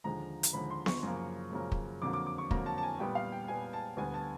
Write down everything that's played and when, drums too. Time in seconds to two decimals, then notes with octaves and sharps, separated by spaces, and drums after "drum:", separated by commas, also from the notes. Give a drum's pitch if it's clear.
0.04 D#2 D3 F3 G#3 A#5
0.43 drum: hi-hat
0.53 D#2 D3 F3 G#3 B5
0.70 C6
0.86 C#6, drum: snare B3
1.03 F#2 C#3 F3 A#3
1.51 F#2 C#3 F3 A#3
1.72 drum: kick
2.02 F2 D3 F#3 A#3 D6
2.13 D6
2.26 D6
2.38 C#6
2.51 F2 D3 F#3 A#3 A#5, drum: kick
2.66 A5
2.78 A5
2.83 G#5
2.99 A#2 G3 B3 G5
3.15 F5
3.32 G5
3.48 A#2 G3 B3 G#5
3.73 A5
3.97 D2 D3 G3 B3 G#5
4.14 A5